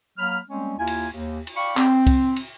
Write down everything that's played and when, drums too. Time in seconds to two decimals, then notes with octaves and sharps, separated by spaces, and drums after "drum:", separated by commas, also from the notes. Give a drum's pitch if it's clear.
0.18 F#3 A#3 B5 F6
0.49 G3 G#3 A#3 C4 C#4
0.78 D#2 A#3 E4 F4 G#5
0.87 drum: cymbal
1.13 D#2
1.47 drum: cymbal
1.56 D5 F5 G5 B5 C#6
1.77 C4, drum: clap
2.07 drum: kick C2, cymbal
2.36 drum: cymbal